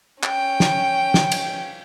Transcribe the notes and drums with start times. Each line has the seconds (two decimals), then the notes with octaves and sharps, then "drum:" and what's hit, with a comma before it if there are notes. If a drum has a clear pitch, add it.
0.23 C#4 G5, drum: clap
0.60 drum: snare
1.14 drum: snare
1.32 drum: cymbal